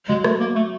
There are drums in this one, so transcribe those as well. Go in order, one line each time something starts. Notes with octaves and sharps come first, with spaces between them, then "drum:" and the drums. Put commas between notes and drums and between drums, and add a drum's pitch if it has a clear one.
F#3 G#3
A3, drum: rim click
A#3
A3